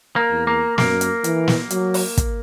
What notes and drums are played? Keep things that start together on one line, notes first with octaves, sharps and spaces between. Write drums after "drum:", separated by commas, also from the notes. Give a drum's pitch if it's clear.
A#3
E2
A#3
F#2 A#3, drum: snare
drum: hi-hat
E3, drum: hi-hat
drum: snare
F#3, drum: hi-hat
drum: open hi-hat
drum: kick, hi-hat